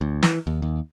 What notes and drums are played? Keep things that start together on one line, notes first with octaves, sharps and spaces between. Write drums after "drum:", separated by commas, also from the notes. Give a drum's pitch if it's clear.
D2
E3, drum: snare
D#2
D#2